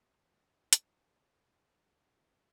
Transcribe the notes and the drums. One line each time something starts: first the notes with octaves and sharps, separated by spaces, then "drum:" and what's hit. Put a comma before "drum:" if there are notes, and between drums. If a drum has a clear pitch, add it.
drum: hi-hat
F#4 G#4 D5 A5 C6
G#5 A#5 B5 G6 B6 C#7
D2 G2 C#3
F2 D3 G4 G#4 C6 D7